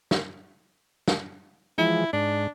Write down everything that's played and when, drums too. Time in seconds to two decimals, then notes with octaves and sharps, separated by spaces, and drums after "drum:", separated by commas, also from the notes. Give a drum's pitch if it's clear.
0.11 drum: snare
1.08 drum: snare
1.78 E3 F3 G#3 E4
2.13 G#2 D4